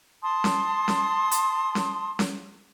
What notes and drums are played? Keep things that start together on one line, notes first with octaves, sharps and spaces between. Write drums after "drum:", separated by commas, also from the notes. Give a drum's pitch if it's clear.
A5 C6 D#6
drum: snare C#4
drum: snare C#4
drum: hi-hat
drum: snare C#4
drum: snare C#4